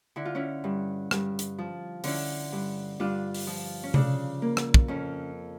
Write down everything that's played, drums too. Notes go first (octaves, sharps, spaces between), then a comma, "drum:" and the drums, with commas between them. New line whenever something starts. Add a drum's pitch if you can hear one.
D3 E4
F4
C#4 E4
G2
G2, drum: rim click
drum: hi-hat
F3
D3 C#4 E4, drum: open hi-hat
G2
G2 D4 F4
drum: open hi-hat
F3
C#4
C#3 D4, drum: tom C3
A#3
drum: rim click
drum: kick
F2 C#4